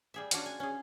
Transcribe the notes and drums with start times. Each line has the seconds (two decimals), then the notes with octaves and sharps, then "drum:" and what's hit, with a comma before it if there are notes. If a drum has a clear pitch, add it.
0.14 G3 G#4 E5
0.31 C#4 D4 F4 F#4, drum: hi-hat
0.46 G#5
0.60 C#4 G#4